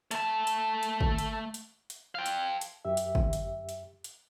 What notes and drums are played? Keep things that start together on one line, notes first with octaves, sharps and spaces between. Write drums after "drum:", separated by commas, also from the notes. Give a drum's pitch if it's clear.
A3 A5, drum: hi-hat
drum: hi-hat
drum: hi-hat
drum: kick
drum: hi-hat
drum: hi-hat
drum: hi-hat
F5 G5
drum: hi-hat
drum: hi-hat
F#2 G4 E5
drum: hi-hat
drum: kick
drum: hi-hat
drum: hi-hat
drum: hi-hat